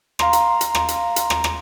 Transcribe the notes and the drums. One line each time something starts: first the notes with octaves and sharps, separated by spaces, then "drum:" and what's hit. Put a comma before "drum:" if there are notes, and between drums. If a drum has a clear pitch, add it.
F5 A#5 C6, drum: rim click
drum: hi-hat
drum: hi-hat
drum: rim click
drum: hi-hat
drum: hi-hat
drum: rim click
drum: rim click